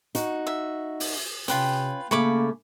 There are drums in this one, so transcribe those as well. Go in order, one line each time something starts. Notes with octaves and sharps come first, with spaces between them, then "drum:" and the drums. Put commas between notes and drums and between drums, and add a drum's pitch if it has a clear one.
D#4 F#4, drum: hi-hat
E5
drum: open hi-hat
C3 C#4 F4 B4 G5, drum: hi-hat
C#3 A3 A#3 C#5 B5 D6